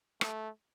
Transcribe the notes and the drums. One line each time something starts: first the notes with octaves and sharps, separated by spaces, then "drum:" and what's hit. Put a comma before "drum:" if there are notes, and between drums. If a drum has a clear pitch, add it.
A3, drum: rim click